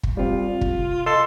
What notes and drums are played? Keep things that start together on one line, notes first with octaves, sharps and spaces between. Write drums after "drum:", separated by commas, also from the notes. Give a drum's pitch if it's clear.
drum: kick
G3 C4 F4
C3, drum: kick
A4 D#5 C6